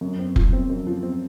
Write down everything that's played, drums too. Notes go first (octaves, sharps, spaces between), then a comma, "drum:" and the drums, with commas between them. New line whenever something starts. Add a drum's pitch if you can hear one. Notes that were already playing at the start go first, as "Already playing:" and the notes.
F#2
C4
F3, drum: kick F1
C4
F#2
F3
C4